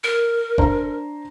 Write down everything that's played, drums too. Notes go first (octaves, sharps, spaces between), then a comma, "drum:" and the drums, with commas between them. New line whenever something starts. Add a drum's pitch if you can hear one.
A#4
D4 C5 A#5, drum: kick F#1